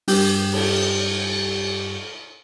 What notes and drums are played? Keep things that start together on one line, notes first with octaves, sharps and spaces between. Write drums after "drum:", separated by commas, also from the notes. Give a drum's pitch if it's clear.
G2 G4 G6, drum: open hi-hat
drum: cymbal